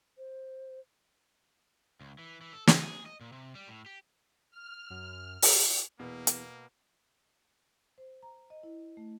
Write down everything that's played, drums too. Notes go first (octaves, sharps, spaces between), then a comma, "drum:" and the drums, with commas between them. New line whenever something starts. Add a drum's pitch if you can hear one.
C5
C#2
E3
E3
A4
C#2, drum: snare
G#4
D#5
A#2
C3
G3
A2
G4
F6
F#2
drum: open hi-hat
E2 B2 A#3 B3
drum: hi-hat
C5
A#5
D#5
E4
A3